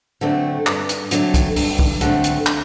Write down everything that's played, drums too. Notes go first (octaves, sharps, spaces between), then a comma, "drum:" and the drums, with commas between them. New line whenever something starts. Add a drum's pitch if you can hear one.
D3 F#3 A3 C4
G2, drum: clap
drum: hi-hat
D3 F#3 A3 C4, drum: hi-hat
drum: kick, hi-hat
G2, drum: open hi-hat
drum: kick
D3 F#3 A3 C4, drum: hi-hat
drum: hi-hat
drum: clap